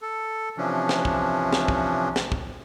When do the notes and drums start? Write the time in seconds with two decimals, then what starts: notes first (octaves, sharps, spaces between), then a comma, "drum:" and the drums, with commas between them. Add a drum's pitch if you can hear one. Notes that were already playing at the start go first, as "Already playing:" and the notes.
0.02 A4
0.58 C3 E3 F3 C#4 D4
0.89 drum: snare
1.05 drum: kick
1.53 drum: snare
1.68 drum: kick
2.16 drum: snare
2.32 drum: kick